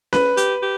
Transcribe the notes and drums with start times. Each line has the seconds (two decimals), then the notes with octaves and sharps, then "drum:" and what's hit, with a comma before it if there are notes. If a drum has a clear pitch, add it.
0.13 B4, drum: snare C#4
0.37 G4, drum: hi-hat
0.62 G4